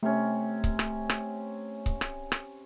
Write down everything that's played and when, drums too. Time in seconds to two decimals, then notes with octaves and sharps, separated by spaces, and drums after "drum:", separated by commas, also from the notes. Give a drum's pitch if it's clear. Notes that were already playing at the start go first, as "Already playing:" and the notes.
0.03 C3 A3 C#4
0.64 drum: kick C#1
0.79 drum: rim click
1.09 drum: rim click
1.86 drum: kick C#1
2.01 drum: rim click
2.32 drum: rim click